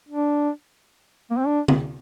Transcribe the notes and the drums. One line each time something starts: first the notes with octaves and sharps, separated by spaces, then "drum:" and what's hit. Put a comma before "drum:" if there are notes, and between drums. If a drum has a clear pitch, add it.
D4
A#3
C4
D4
drum: tom D3